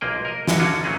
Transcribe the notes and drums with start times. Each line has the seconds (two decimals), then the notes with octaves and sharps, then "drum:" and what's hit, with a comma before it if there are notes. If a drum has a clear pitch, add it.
0.01 B1 F3 A#3 G#4 G5
0.25 A#4 D#5
0.47 F#2 F#4, drum: snare
0.60 D3 C#4 F4 F#4
0.84 A#2 F#3 A3 C#4 G#4